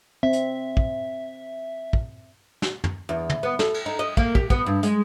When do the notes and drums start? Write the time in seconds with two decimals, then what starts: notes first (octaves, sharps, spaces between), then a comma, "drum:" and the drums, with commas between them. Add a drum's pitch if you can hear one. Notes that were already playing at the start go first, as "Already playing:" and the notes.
0.23 C4 E5
0.33 drum: hi-hat
0.77 drum: kick
1.93 drum: kick
2.62 drum: snare
2.84 drum: tom
3.09 E2
3.30 drum: tom
3.43 B3
3.59 A4, drum: snare
3.74 drum: cymbal
3.86 D#4
3.99 D#5
4.17 A#3, drum: kick
4.35 G4, drum: kick
4.50 B3, drum: kick
4.66 G2
4.83 G#3, drum: hi-hat